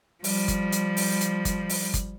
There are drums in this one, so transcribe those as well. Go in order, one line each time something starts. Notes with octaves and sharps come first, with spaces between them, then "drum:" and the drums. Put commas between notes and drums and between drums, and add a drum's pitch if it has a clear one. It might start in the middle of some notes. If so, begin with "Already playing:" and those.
F3 G3, drum: open hi-hat
drum: kick G1, hi-hat
drum: hi-hat
drum: open hi-hat
drum: hi-hat
drum: kick G1, hi-hat
drum: open hi-hat
drum: kick G1, hi-hat